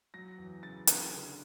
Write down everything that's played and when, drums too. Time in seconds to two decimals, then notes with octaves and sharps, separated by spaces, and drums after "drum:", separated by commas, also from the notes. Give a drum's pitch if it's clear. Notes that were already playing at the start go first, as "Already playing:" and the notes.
0.14 F#3 A#6
0.38 E2
0.63 C#3 A6
0.87 C#3, drum: hi-hat
1.12 D3